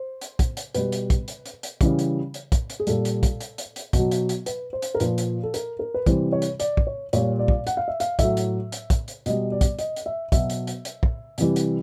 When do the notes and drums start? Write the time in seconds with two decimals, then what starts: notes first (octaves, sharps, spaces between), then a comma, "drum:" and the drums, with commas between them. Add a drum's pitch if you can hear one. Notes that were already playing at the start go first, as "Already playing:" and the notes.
Already playing: C5
0.21 drum: hi-hat
0.39 drum: kick, hi-hat
0.57 drum: hi-hat
0.75 B2 G3 B4, drum: hi-hat
0.92 drum: hi-hat
1.10 drum: kick, hi-hat
1.28 drum: hi-hat
1.46 drum: hi-hat
1.63 drum: hi-hat
1.81 C#3 E3 G3, drum: kick, hi-hat
1.99 drum: hi-hat
2.34 drum: hi-hat
2.52 drum: kick, hi-hat
2.70 drum: hi-hat
2.80 G#4
2.87 A#2 G3 A4, drum: hi-hat
3.05 drum: hi-hat
3.23 drum: kick, hi-hat
3.41 drum: hi-hat
3.58 drum: hi-hat
3.76 drum: hi-hat
3.93 B2, drum: kick, hi-hat
3.99 F#3
4.11 drum: hi-hat
4.29 drum: hi-hat
4.46 B4, drum: hi-hat
4.73 C5
4.82 drum: hi-hat
4.95 A#4
5.00 A#2 F3 B4, drum: hi-hat
5.18 drum: hi-hat
5.43 A4
5.54 A#4, drum: hi-hat
5.79 A#4
5.94 B4
6.06 C3 E3 G3 C5, drum: kick, hi-hat
6.32 C#5
6.42 drum: hi-hat
6.60 D5, drum: hi-hat
6.77 drum: kick
6.87 C#5
7.13 A#2 G3 C#5, drum: hi-hat
7.39 D5
7.48 drum: kick
7.67 F#5, drum: hi-hat
7.77 F5
7.88 E5
8.00 F5, drum: hi-hat
8.19 A2 F#3 E5, drum: kick, hi-hat
8.37 drum: hi-hat
8.72 drum: hi-hat
8.90 drum: kick, hi-hat
9.08 drum: hi-hat
9.26 B2 G3 D#5, drum: hi-hat
9.52 D5
9.61 drum: kick, hi-hat
9.79 D#5, drum: hi-hat
9.96 drum: hi-hat
10.06 E5
10.32 B2 F#3 E5, drum: kick, hi-hat
10.50 drum: hi-hat
10.67 drum: hi-hat
10.85 drum: hi-hat
11.03 drum: kick
11.38 C3 E3 G3, drum: hi-hat
11.56 drum: hi-hat